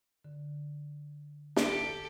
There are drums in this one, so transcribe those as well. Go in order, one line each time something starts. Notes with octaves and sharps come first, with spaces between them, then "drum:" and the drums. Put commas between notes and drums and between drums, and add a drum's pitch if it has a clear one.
D3
G4 A4, drum: snare